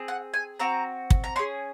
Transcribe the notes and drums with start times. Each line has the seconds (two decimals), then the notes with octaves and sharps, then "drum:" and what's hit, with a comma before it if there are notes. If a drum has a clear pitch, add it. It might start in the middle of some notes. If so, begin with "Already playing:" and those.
Already playing: C4 G#4
0.08 F#5
0.34 G#5
0.60 C4 F#4 A#5
1.10 drum: kick
1.24 A#5
1.36 C#4 G#4 C6